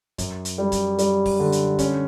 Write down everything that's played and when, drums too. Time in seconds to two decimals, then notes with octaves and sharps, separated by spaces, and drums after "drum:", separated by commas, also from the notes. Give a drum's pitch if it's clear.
0.18 F#2, drum: kick, hi-hat
0.45 drum: hi-hat
0.58 G3
0.72 drum: kick, hi-hat
0.98 G3, drum: hi-hat
1.25 drum: kick, open hi-hat
1.39 D3
1.52 drum: hi-hat
1.79 C#4, drum: kick, hi-hat